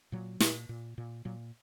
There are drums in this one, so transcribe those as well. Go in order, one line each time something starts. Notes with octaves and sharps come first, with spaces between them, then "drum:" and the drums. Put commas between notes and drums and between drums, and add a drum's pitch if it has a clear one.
A#2 F#3
A#2, drum: snare
A#2
A#2
A#2 F#3